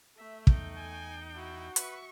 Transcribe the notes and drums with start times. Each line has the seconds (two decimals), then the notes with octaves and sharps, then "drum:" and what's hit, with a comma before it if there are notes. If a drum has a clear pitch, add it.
0.17 A3 E5
0.47 E2 D#4 G5, drum: kick
0.77 G#5
1.35 E4 F#4
1.76 B4 E5 C#6, drum: hi-hat